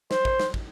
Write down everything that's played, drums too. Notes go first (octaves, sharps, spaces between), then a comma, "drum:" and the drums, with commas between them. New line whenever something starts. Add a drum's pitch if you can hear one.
C5, drum: snare
drum: kick
drum: snare
drum: kick